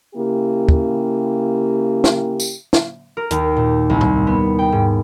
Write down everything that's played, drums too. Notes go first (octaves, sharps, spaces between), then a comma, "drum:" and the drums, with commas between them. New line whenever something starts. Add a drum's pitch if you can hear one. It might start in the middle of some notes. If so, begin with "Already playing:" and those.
C#3 A#3 E4 G4
drum: kick
drum: snare
drum: tambourine
drum: snare
A#4
D#2, drum: hi-hat
A#2
C2
drum: tom A2
B3
G5
G#2